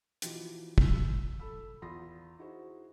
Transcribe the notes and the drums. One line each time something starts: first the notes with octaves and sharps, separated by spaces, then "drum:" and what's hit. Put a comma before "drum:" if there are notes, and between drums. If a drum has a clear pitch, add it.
B2 E3 F3 D#4 F4 G4, drum: hi-hat
E6 G6, drum: kick
A4 B5 E6
E2 F4 B5 C6 D#6 A#6
D#4 E4 F#4 G#4 C5